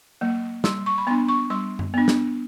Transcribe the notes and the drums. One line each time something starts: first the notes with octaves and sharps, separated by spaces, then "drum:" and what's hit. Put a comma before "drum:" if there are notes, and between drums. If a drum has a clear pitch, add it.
F#3 A#3
G3 C6, drum: snare
C#6
B5
B3 D4 C6
C#6
G3 C6
drum: tom F#2
B3 D4
drum: snare